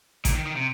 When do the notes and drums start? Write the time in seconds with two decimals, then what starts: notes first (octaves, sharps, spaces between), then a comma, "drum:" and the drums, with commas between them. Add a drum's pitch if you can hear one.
0.25 A#2, drum: kick A1, hi-hat
0.35 D#3
0.46 D#3
0.56 C3